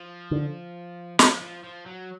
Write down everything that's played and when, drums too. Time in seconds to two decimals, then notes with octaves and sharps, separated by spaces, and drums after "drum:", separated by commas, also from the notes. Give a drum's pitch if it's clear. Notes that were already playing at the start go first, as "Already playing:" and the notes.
Already playing: F3
0.31 D3
1.19 F3, drum: snare
1.41 F3
1.64 F3
1.86 F#3